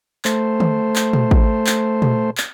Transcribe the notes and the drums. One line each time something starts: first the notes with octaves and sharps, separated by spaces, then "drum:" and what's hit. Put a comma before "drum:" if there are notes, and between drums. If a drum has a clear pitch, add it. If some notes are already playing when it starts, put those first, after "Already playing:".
A3 C5, drum: clap
drum: tom D3
drum: clap
drum: tom A#2
drum: kick
drum: clap
drum: tom A#2
drum: clap